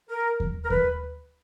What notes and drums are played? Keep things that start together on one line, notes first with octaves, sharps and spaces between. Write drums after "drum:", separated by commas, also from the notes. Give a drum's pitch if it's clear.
A#4
drum: kick D#2
A#4
B4, drum: kick D#2